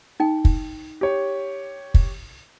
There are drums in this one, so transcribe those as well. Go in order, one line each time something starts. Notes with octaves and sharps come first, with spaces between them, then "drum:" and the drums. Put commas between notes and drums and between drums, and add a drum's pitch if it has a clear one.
D#4 G5
drum: kick
G4 C#5
drum: kick